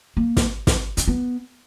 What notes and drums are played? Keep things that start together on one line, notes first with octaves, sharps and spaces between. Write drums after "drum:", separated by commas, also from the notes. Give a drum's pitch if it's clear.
A#3
drum: snare
drum: snare
C#4, drum: hi-hat
B3